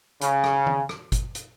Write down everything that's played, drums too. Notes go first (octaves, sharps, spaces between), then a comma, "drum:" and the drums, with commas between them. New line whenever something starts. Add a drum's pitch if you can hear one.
C#3, drum: hi-hat
drum: rim click
drum: tom
drum: rim click
drum: kick, hi-hat
drum: hi-hat